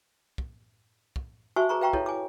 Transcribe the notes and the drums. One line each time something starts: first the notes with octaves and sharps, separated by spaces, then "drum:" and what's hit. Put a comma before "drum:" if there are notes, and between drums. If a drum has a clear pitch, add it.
drum: kick
drum: kick
F#4 C5 E5 G#5 A5 C#6
G#4 B4 A#5 C#6
B4 F5 G5 A#5 C#6
E4 A4 B4 C#5, drum: kick
G#5 D6